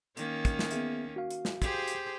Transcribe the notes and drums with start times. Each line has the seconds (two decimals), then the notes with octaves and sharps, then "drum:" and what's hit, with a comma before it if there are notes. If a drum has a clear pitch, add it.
0.17 D#3 A#3 C#4, drum: hi-hat
0.45 drum: kick, hi-hat
0.59 drum: snare
0.71 B3 G#4 E5, drum: hi-hat
1.16 F#4 F5
1.31 drum: hi-hat
1.45 drum: snare
1.62 G4 G#4 C5, drum: kick, hi-hat
1.88 drum: hi-hat